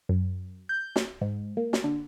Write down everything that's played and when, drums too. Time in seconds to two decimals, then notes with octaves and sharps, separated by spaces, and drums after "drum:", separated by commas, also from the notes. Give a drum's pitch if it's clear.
0.09 F#2
0.69 G6
0.96 drum: snare
1.21 G#2
1.57 A#3
1.73 drum: snare
1.84 D3